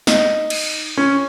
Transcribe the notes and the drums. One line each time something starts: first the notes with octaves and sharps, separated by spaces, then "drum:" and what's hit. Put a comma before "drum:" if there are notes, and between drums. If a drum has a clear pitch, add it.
D#4, drum: snare
drum: cymbal
C#4